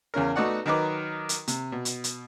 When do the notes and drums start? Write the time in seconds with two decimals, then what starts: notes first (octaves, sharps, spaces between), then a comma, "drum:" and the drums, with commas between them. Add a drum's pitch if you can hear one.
0.14 E2 C#3 C#4 A#4
0.36 A3 B3 D#4 F#4 D5 F#5
0.66 D#3 F#3 D#4 A#4 B4 D6
1.29 drum: hi-hat
1.48 C3, drum: hi-hat
1.72 B2
1.85 drum: hi-hat
2.04 drum: hi-hat